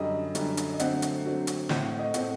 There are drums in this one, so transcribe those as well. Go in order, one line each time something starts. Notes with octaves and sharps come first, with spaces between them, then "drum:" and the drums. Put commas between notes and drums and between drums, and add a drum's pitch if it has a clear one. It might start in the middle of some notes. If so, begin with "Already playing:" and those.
Already playing: F#2 D3 G3 D#5
F#2 D3 G3, drum: hi-hat
drum: hi-hat
D#5
D3 F#3 A3 C4 F#5, drum: hi-hat
drum: hi-hat
D3 F#3 A3 C4
drum: hi-hat
A2 A3 C4 F#5, drum: snare
F#5
D#5
A2 A3 C4 F#5, drum: hi-hat